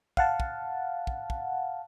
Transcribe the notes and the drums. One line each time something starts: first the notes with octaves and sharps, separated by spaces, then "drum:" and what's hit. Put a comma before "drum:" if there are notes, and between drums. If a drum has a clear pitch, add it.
F5 F#5 A5, drum: kick
drum: kick
drum: kick
drum: kick